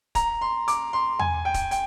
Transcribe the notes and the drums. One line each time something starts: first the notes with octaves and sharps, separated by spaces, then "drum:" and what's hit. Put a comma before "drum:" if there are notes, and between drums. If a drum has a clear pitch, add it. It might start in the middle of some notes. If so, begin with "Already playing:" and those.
A#5, drum: kick, hi-hat
C6
D6, drum: hi-hat
C6
G#5, drum: tom E2
G5
drum: kick, hi-hat
G5, drum: hi-hat